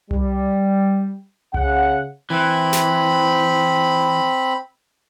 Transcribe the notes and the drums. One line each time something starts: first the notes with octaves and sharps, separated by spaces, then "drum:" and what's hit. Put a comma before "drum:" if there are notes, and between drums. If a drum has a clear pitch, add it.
G3, drum: tom C2
C#3 F#5, drum: tom C2
E3 C4 B5
drum: snare